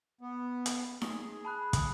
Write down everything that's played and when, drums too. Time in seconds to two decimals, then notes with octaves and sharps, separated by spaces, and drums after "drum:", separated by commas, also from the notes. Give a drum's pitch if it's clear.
0.21 B3
0.66 drum: hi-hat
1.02 G#4, drum: snare D#4
1.45 A5 B5 F#6
1.73 drum: kick, hi-hat